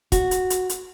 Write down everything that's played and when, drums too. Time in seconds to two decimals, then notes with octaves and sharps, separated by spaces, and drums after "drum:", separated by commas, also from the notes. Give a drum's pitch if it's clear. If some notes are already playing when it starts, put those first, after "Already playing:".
0.12 F#4, drum: kick, hi-hat
0.31 drum: hi-hat
0.50 drum: hi-hat
0.69 drum: hi-hat